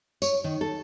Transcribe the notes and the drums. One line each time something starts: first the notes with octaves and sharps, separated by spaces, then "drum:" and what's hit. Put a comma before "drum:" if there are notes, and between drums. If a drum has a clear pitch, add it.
C#5, drum: tambourine
D#3
A4